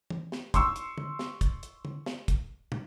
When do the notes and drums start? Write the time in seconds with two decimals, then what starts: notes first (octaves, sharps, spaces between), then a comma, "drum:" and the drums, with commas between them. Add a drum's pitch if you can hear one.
0.10 drum: tom E3
0.32 drum: snare
0.54 C6 C#6 E6, drum: kick, hi-hat
0.76 drum: hi-hat
0.98 drum: tom
1.19 drum: snare
1.41 drum: kick, hi-hat
1.63 drum: hi-hat
1.85 drum: tom
2.06 drum: snare
2.28 drum: kick, hi-hat
2.72 drum: tom